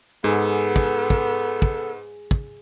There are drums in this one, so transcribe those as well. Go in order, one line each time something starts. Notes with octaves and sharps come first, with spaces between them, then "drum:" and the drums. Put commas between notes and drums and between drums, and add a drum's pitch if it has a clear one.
G#2 B3 G#4 A4
drum: kick
drum: kick
drum: kick
drum: kick